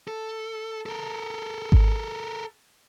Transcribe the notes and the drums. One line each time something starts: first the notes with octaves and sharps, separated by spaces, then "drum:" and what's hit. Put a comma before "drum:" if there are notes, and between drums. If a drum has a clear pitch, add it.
A4
A4 A#4
drum: kick G#1